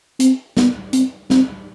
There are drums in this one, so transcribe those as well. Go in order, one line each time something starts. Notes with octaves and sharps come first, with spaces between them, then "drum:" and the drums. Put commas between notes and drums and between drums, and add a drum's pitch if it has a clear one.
C4, drum: hi-hat
B3, drum: snare
C4, drum: hi-hat
C4, drum: snare